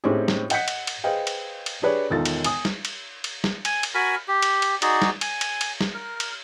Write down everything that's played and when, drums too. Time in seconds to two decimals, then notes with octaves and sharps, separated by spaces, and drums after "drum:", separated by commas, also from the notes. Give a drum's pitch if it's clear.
0.04 A2 C4 C#4 D#4 G4 G#4
0.28 drum: snare
0.50 D#5 F#5 G6 B6 C#7, drum: cymbal
0.68 drum: cymbal
0.87 drum: cymbal
1.04 G#4 B4 C5 D#5 F5 G5
1.27 drum: cymbal
1.66 drum: cymbal
1.82 D4 G4 G#4 B4 C#5 D5
2.10 E1 D#3 D#4 F4 A4 A6
2.25 drum: cymbal
2.44 G#5 D#6, drum: cymbal
2.65 drum: snare
2.85 drum: cymbal
3.24 drum: cymbal
3.44 drum: snare
3.65 G#5, drum: cymbal
3.83 drum: cymbal
3.95 F#4 A#4 G#5 B5
4.28 G4
4.42 drum: cymbal
4.62 drum: cymbal
4.82 D#4 F#4 G#4 D5, drum: cymbal
5.02 drum: snare
5.21 G#5, drum: cymbal
5.41 drum: cymbal
5.61 drum: cymbal
5.81 drum: snare
5.94 A#4
6.20 drum: cymbal